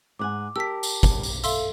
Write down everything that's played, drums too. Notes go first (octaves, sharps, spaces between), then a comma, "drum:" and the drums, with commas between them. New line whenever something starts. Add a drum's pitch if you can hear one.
G#2 F#5 G#5 D6
G4 A#4 A5 E6 B6
drum: tambourine
drum: kick, tambourine
drum: tambourine
A4 E5 F5 C6 E6, drum: tambourine